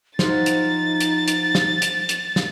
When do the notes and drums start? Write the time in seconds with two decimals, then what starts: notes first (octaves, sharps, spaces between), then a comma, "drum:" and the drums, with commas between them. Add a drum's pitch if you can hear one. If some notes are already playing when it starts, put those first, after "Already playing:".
0.19 F3 F#3 D#4 A6, drum: snare
0.46 drum: hi-hat
1.00 drum: hi-hat
1.28 drum: hi-hat
1.55 drum: snare
1.82 drum: hi-hat
2.09 drum: hi-hat
2.36 drum: snare